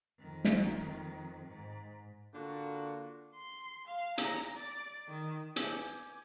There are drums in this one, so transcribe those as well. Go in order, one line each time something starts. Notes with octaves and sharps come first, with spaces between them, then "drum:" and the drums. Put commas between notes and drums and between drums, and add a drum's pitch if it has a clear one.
F2 D#3
drum: snare
G#2
D3 A#3 D4 F4 F#4
C6
F5
A#5, drum: hi-hat
D5
D#3
B4 G#5 D6 G6, drum: hi-hat